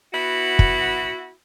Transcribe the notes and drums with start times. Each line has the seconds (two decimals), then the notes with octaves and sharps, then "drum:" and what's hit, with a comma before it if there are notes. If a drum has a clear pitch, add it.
0.12 B3 E4 F#4
0.59 drum: kick